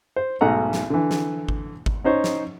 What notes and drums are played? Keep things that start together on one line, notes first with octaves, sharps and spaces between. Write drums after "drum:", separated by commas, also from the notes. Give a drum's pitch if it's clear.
C5
B1 G#2 A3 D#5 F#5 A#5
drum: snare
D3 E3
drum: snare
drum: kick G#1
drum: kick G#1
C#4 D#4 C5 C#5
drum: snare